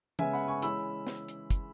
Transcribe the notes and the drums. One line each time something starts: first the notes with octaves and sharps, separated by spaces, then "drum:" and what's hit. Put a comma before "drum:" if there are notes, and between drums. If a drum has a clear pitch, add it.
C#3 G#3 B3 E5 G#5, drum: tom
F#5 B5
G#5 C#6
E3 G#3 C#4 B5 E6, drum: hi-hat
drum: snare
drum: hi-hat
drum: kick, hi-hat